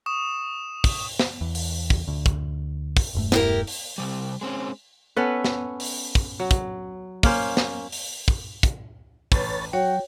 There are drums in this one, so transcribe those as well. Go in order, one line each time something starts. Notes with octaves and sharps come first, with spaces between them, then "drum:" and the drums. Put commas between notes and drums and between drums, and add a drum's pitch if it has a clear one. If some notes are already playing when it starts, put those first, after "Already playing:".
C#6 D#6 E7
drum: kick, open hi-hat
drum: snare
E2
drum: open hi-hat
drum: kick
D2
drum: kick, hi-hat
drum: kick, open hi-hat
E1 G2 A3
E4 G4 A#4, drum: snare
drum: open hi-hat
C3 G3
G#3 C4 C#4
B3 C#4 A4 B4
drum: snare
drum: open hi-hat
drum: kick
F#3
drum: kick, hi-hat
A#3 C#4 C5, drum: kick, open hi-hat
drum: snare
drum: open hi-hat
drum: kick
drum: kick, hi-hat
A1 B4 C#5 A6, drum: kick, open hi-hat
F#3 F#4 C#5 G5